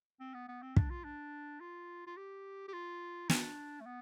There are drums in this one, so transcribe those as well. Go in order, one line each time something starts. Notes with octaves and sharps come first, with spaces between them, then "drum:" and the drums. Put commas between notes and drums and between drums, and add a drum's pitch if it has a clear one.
C4
B3
B3
C4
D4, drum: kick
F4
D4
F4
F4
G4
G4
F4
D4, drum: snare
A3
B3